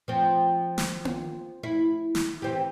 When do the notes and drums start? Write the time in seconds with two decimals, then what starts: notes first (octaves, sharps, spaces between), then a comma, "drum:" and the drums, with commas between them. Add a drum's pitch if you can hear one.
0.08 F3 C4
0.78 drum: snare
1.05 drum: tom A#3
1.63 E4
2.15 drum: snare
2.42 E3 C4 G4